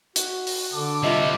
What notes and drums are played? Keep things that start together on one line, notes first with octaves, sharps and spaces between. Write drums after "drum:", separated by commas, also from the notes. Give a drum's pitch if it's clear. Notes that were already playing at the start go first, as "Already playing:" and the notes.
F#4, drum: hi-hat
drum: open hi-hat
D3 A4 A5 D6
C3 G3 F4 D#5 E5